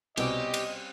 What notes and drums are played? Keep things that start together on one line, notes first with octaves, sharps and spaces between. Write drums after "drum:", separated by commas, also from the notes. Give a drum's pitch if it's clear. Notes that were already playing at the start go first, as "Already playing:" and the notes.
C2 B2 G3 C4 C#4 G4 D#5 D6, drum: cymbal
drum: cymbal